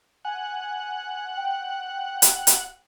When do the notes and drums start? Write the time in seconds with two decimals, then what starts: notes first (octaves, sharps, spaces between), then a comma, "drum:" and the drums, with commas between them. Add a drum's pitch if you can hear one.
0.25 F#5 G#5
1.37 G5
2.22 drum: hi-hat
2.47 drum: hi-hat